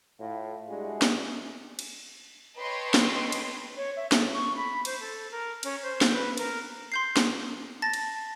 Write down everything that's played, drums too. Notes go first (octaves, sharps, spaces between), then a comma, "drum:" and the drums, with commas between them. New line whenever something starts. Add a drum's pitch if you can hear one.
A2 F4
G3 G#3 D4 E4 F#4 G#4
drum: snare
drum: cymbal
B4 C#5 D#5 G5 A5 C6
drum: snare
drum: cymbal
C#5
E5
A4, drum: snare
C#6
B5
C5, drum: cymbal
A4
A#4
C#4, drum: cymbal
C5
drum: snare
B4
A#4, drum: cymbal
C6 G6 C7
drum: snare
A5 A6 A#6
drum: cymbal